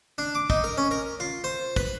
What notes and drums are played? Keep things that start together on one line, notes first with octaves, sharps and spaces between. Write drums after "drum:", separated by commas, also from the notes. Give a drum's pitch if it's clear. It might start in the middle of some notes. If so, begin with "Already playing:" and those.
D4
D6
D#4, drum: kick
A#4
C#4
A#4
F4
C5
B4, drum: kick